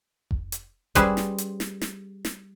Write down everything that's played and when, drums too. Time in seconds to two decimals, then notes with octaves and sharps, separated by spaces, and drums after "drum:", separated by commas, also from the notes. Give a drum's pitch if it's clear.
0.31 drum: kick F1
0.52 drum: hi-hat
0.95 G3 C#4 G#4 B4 C5, drum: kick F1, hi-hat
1.17 drum: snare
1.38 drum: hi-hat
1.60 drum: snare
1.81 drum: snare
2.25 drum: snare